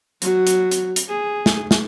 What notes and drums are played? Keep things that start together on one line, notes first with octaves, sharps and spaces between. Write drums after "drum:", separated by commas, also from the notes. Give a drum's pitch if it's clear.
F#3 F#4, drum: hi-hat
drum: hi-hat
drum: hi-hat
drum: hi-hat
G#4
drum: snare
drum: snare